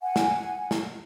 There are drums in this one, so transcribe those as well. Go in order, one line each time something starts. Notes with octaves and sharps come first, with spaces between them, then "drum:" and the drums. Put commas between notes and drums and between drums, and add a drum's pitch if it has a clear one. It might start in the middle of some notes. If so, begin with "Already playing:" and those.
F#5 G#5
drum: snare
drum: snare